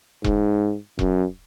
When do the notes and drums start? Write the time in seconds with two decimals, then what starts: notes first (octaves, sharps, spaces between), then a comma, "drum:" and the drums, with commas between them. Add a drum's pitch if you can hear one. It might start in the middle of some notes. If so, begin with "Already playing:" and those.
0.24 G#2, drum: kick E1
0.99 F#2, drum: kick E1